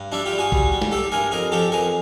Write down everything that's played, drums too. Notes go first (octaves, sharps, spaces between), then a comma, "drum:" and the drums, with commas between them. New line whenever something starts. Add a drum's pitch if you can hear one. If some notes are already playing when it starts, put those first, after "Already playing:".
Already playing: G2
G3 D4 E4
F4 G4
G3
F#4 G#4
G3, drum: kick A1
G3
drum: snare
G3 G4 A4
G2 G#4 A#4
F2 G#4 A#4
F3 G4 A4
F2 G#4 A#4